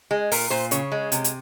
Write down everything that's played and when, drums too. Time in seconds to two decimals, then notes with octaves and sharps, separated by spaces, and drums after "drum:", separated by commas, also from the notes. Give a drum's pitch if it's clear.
0.11 G#3
0.32 A#2 A#4, drum: open hi-hat
0.50 A#2 C5
0.71 C#3 C#5, drum: hi-hat
0.92 G#3
1.12 C3, drum: hi-hat
1.24 drum: hi-hat